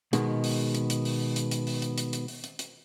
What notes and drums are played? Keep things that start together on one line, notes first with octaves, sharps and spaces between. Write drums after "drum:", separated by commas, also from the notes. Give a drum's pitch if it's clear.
B2 D#3 G#3 B3, drum: hi-hat
drum: open hi-hat
drum: hi-hat
drum: hi-hat
drum: open hi-hat
drum: hi-hat
drum: hi-hat
drum: open hi-hat
drum: hi-hat
drum: hi-hat
drum: hi-hat
drum: open hi-hat
drum: hi-hat
drum: hi-hat